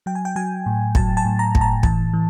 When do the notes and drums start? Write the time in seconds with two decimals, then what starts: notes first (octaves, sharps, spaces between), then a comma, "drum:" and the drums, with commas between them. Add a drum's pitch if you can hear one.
0.06 F#3 G5
0.15 G#5
0.25 G5
0.36 F#3 G#5
0.66 A2
0.95 F#3 A5, drum: kick
1.17 A5
1.25 A2
1.39 A#5
1.55 A2, drum: kick
1.61 A#5
1.83 E3 A5, drum: kick
2.13 E3